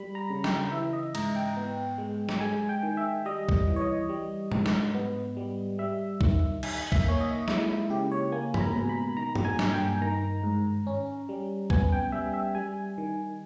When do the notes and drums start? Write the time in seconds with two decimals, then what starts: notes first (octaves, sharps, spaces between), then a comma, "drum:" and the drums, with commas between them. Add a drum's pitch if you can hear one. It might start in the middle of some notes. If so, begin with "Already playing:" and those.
Already playing: G3 B5
0.15 A#5
0.30 C#3
0.44 G5, drum: snare
0.72 E3 E5
0.93 D#5
1.15 G#2 A#5, drum: cymbal
1.36 G5
1.57 B3
1.98 G#3
2.29 drum: snare
2.40 G#3 G#5
2.69 G5
2.83 D#3
2.97 E5
3.26 G3 D#5
3.49 drum: kick B1
3.67 E3
3.76 C#5
3.81 D#5
4.09 G3
4.52 G#2, drum: tom
4.66 drum: snare
4.94 B3
5.37 G3
5.79 G3 E5
6.21 D#3, drum: kick B1
6.63 D#4 G#5, drum: cymbal
6.92 E5, drum: kick B1
7.05 A#3 C#5
7.20 D#5
7.48 G#3 E4, drum: snare
7.70 E4
7.85 E4
7.90 C#3 G4
8.12 C#5
8.32 A#3 G#5
8.54 B5, drum: tom
8.60 A#5
8.75 B2
8.89 B5
9.17 D#3 A#5
9.35 drum: tom
9.45 G#5
9.59 G2, drum: snare
9.74 G5
10.01 D#3 A#5
10.43 G#2
10.87 C#4
11.29 G3
11.70 B3 G#5, drum: kick B1
11.92 G5
12.12 G3 E5
12.33 E5
12.55 G3 G#5
12.98 D#3